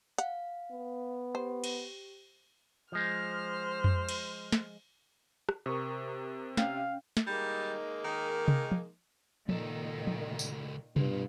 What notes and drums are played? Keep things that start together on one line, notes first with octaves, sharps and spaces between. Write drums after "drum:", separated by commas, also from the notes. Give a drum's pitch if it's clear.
F5 F#5, drum: hi-hat
B3
G4 C5
drum: cymbal
F3 G#3 C5 F6
drum: tom F2
drum: cymbal
drum: snare
drum: rim click
C3 A#4 C#6 D#6
C#4 F5 G5, drum: snare
drum: snare
G3 G#3 A#3 D#4
D#3
drum: tom C3
drum: tom
C#2 A#2 D#3 A4, drum: tom
drum: tom
drum: tambourine
G2 B2 F4, drum: tom C3